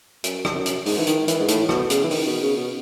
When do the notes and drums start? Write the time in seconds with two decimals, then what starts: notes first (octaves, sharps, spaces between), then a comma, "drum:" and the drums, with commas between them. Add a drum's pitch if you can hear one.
0.24 F#2, drum: hi-hat
0.45 drum: rim click
0.55 F#2
0.66 drum: hi-hat
0.86 G#2, drum: open hi-hat
0.98 E3
1.07 D#3, drum: hi-hat
1.28 E3, drum: hi-hat
1.40 G#2
1.48 A2, drum: hi-hat
1.69 B2, drum: rim click
1.90 C#3, drum: hi-hat
2.04 E3
2.11 D#3, drum: open hi-hat
2.26 B2
2.42 C#3
2.57 B2